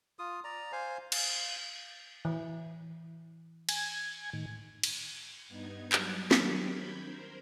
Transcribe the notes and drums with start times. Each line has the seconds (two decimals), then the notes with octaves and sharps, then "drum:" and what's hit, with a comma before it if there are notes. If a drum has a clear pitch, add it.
0.19 F4 D#6
0.44 D5 A#5
0.72 C5 F5 G#5
1.12 F5, drum: cymbal
2.25 E3
3.69 G#5 G#6, drum: cymbal
4.33 A2 D#3
4.83 drum: cymbal
5.48 G2 B3 D#4 G#6
5.92 F#3 G3 G#6 A6, drum: clap
6.31 D#3 F#3 C4 D4 G4 A#4, drum: snare
6.71 B5 G6 G#6
7.05 A#4 C5